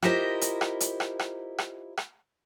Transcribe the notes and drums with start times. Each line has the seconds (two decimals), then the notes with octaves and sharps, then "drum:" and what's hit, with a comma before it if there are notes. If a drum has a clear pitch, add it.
0.02 E4 F4 G4 A#4 C5 D#5, drum: rim click
0.41 drum: hi-hat
0.61 drum: rim click
0.80 drum: hi-hat
1.00 drum: rim click
1.19 drum: rim click
1.58 drum: rim click
1.97 drum: rim click